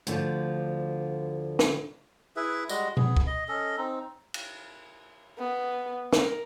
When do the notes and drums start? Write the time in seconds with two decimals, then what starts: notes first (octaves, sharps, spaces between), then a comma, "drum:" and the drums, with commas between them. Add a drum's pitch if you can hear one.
0.07 D2 D3 F3, drum: hi-hat
1.59 drum: snare
2.36 E4 G#4 B4 E5
2.69 G3 G#3 F#4 D#5, drum: tambourine
2.97 B3 G#4, drum: tom B2
3.17 drum: kick
3.27 D#5
3.48 C#4 A4 D#5
3.78 C4 D#4
4.34 drum: cymbal
5.39 B3
6.13 A#4, drum: snare